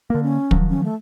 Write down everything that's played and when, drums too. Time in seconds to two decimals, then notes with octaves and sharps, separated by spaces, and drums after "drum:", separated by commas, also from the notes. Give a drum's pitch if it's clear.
0.10 D3 A#3 A#4
0.23 C#4
0.51 D#3 F3 F#3, drum: kick
0.69 C#4
0.84 A3